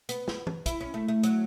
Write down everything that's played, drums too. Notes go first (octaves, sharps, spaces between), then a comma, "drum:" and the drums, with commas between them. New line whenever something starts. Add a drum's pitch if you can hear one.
B3, drum: hi-hat
drum: snare
drum: tom
E4, drum: kick, hi-hat
C#4
A3
A3
F#3, drum: hi-hat